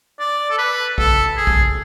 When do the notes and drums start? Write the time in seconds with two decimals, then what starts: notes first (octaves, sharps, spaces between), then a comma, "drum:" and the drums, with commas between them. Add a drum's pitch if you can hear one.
0.19 D5
0.51 A4
0.58 B4
0.98 A4, drum: kick
1.37 G#4
1.47 drum: kick